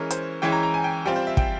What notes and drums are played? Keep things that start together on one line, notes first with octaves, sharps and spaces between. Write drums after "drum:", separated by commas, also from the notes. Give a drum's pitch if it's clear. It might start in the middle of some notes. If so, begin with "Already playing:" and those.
Already playing: E3 G#3 C#4 A#4
C5, drum: hi-hat
E3 G#3 C#4 E4 G5
A#5
A#5
G#5
G5
G3 C4 F4 G5
C5
E5
G5, drum: kick